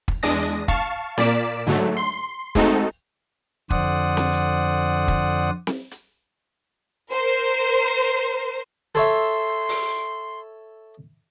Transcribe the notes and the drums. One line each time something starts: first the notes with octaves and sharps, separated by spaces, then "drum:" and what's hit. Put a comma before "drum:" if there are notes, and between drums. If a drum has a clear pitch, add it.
drum: kick
E2 G#3 D4 D#6 A#6, drum: open hi-hat
F5 A5 C#6, drum: kick
A#2 A#3 D5 D6 B6 E7, drum: snare C4
G#2 D3 F#3 A3
C6
G#3 A3 C4 D#4 F#4 A4, drum: kick
F2 D3 C5 D5 F#5 D#6, drum: kick
drum: snare C4
drum: hi-hat
drum: kick
drum: snare C4
drum: hi-hat
A#4 C5
A4 C#5 E5 C6, drum: hi-hat
drum: open hi-hat